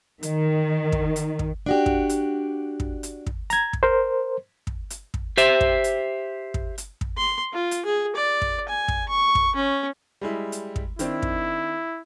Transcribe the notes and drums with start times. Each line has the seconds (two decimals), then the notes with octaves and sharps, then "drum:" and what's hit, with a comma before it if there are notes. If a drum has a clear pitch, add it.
0.23 D#3, drum: hi-hat
0.92 drum: kick
1.16 drum: hi-hat
1.39 drum: kick
1.66 D4 F#4 G4
1.86 drum: kick
2.09 drum: hi-hat
2.80 drum: kick
3.03 drum: hi-hat
3.26 drum: kick
3.50 A#5 G#6, drum: hi-hat
3.73 drum: kick
3.83 A#4 C5
4.67 drum: kick
4.90 drum: hi-hat
5.14 drum: kick
5.37 G4 C5 E5, drum: hi-hat
5.61 drum: kick
5.84 drum: hi-hat
6.54 drum: kick
6.78 drum: hi-hat
7.01 drum: kick
7.17 C6
7.53 F4
7.71 drum: hi-hat
7.85 G#4
8.16 D5
8.42 drum: kick
8.68 G#5
8.88 drum: kick
9.09 C#6
9.35 drum: kick
9.55 C#4
10.21 G3 G#3 E4
10.52 drum: hi-hat
10.76 drum: kick
10.99 D#3 C4 D4 E4, drum: hi-hat
11.22 drum: kick